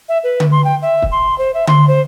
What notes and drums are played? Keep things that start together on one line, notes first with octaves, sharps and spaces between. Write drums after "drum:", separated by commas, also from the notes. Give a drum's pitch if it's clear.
E5
B4
drum: tom D3
C6
G5
E5
drum: kick
C6
C5
E5
C6, drum: tom D3
C5